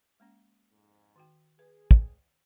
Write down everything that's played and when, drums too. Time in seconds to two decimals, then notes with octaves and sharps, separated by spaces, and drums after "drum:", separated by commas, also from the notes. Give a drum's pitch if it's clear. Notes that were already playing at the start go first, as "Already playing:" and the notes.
0.20 G#3 A#3 C#4
0.72 F2 G#2
1.16 D#3 F#4 G5
1.59 G#4 B4
1.91 G5, drum: kick